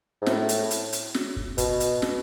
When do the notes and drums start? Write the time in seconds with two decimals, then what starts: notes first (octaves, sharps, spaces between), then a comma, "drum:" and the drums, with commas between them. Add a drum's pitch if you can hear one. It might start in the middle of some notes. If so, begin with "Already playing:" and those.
0.22 G#2
0.26 A2, drum: snare
0.49 drum: hi-hat
0.71 drum: hi-hat
0.93 drum: hi-hat
1.14 drum: snare
1.36 drum: kick
1.58 B2, drum: kick, hi-hat
1.80 drum: hi-hat
2.02 drum: snare